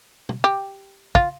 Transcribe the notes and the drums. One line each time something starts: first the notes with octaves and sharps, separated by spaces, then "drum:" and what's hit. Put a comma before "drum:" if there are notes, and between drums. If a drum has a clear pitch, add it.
drum: tom
G4
F4, drum: kick